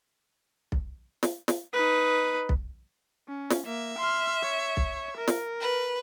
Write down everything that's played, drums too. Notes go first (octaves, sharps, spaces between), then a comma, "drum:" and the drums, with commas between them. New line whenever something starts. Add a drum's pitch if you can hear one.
drum: kick B1
drum: snare
drum: snare
D#4 B4
drum: kick B1
C#4
drum: snare
A#3 E5
C6 F6
C#5
drum: kick B1
A#4
drum: snare
B4